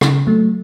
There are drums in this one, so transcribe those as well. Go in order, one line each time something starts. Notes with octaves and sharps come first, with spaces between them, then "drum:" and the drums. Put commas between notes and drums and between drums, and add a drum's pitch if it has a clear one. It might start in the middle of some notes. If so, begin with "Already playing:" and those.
C#3, drum: rim click
F#3 A3